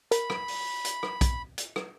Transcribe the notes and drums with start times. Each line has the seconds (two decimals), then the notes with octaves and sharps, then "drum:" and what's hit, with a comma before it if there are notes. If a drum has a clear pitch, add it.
0.11 A#4 B5, drum: hi-hat
0.30 drum: rim click
0.48 drum: open hi-hat
0.85 drum: hi-hat
1.03 drum: rim click
1.21 drum: kick, hi-hat
1.58 drum: hi-hat
1.76 drum: rim click